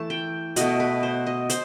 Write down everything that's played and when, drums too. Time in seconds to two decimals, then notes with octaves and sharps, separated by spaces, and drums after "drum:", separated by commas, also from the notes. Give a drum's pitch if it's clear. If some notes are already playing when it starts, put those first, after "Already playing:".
Already playing: E3 A3 A5
0.10 G5
0.56 B2 A3 D#5, drum: hi-hat
0.80 B4
1.03 C5
1.26 D#5
1.50 C5, drum: hi-hat